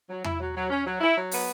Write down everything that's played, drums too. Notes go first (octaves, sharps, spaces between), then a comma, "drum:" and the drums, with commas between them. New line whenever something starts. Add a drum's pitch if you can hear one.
F#3
E4, drum: tom E2
F#3
F#3
C#4
F#3
E4
F#3
B3, drum: open hi-hat